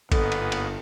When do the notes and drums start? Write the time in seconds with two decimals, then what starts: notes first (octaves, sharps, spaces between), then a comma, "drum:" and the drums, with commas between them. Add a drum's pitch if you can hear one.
0.12 G1 G#2 A#3 B3 A4 D#5, drum: kick A1, cymbal
0.32 drum: cymbal
0.52 drum: cymbal